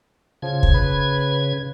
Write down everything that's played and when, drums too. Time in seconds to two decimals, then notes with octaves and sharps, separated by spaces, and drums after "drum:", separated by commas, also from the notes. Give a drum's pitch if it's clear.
0.42 C#3 F3 G#6
0.63 drum: kick
0.74 B4